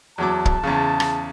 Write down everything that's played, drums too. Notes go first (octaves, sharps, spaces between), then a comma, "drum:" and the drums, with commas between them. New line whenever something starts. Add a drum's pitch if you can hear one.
E2 F#3 A5 D6
drum: kick
E2 C#3
drum: rim click